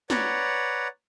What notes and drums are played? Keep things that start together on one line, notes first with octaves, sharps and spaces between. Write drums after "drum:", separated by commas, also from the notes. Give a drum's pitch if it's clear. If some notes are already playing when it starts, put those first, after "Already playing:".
B4 C#5 D5 F#5 A#5, drum: snare